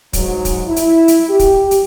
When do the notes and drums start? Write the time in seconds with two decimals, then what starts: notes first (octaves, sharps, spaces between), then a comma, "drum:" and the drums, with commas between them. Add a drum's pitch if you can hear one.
0.13 G#2 F#3, drum: kick, hi-hat
0.45 drum: kick, hi-hat
0.67 E4
0.76 drum: hi-hat
1.08 drum: hi-hat
1.29 G4
1.39 drum: kick, hi-hat
1.71 drum: hi-hat